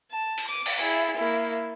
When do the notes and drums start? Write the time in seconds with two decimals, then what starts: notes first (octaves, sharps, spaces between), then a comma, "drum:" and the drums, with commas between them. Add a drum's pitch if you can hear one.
0.11 A5
0.38 drum: open hi-hat
0.49 D6 D#7
0.66 drum: cymbal
0.81 E4 G#4
1.17 A#3 E4